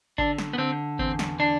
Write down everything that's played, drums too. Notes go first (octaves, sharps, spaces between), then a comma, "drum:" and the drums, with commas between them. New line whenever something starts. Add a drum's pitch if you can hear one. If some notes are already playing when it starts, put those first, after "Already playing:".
D3 D4, drum: kick G#1
drum: snare
B3
D3 C4
E2 C4, drum: kick G#1
drum: snare
D3 D4